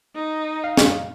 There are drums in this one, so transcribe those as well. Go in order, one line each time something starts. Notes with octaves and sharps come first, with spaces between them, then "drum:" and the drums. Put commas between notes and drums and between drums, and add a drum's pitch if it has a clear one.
D#4
F5
drum: snare